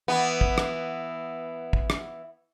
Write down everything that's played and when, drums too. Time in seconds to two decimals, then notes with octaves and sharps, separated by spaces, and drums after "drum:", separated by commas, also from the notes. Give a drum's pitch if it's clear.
0.08 E3 B3
0.41 drum: kick
0.58 drum: rim click
1.73 drum: kick
1.90 drum: rim click